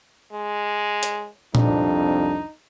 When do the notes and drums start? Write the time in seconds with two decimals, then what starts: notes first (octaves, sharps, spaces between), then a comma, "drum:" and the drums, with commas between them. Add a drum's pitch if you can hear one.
0.33 G#3
1.03 drum: hi-hat
1.55 C2 F2 D4 D#4, drum: tom A#2